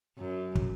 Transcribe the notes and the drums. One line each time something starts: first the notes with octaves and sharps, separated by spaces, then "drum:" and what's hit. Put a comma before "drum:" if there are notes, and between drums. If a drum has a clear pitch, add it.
F#2
drum: kick